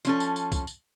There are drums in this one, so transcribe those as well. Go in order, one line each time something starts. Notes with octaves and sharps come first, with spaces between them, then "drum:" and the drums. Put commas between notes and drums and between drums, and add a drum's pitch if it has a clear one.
F3 C#4 A4, drum: tambourine
drum: tambourine
drum: tambourine
drum: kick C2, tambourine
drum: tambourine